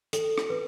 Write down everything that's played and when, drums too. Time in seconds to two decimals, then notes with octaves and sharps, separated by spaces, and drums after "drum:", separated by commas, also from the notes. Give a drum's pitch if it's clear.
0.13 A4, drum: hi-hat
0.38 drum: rim click
0.50 B4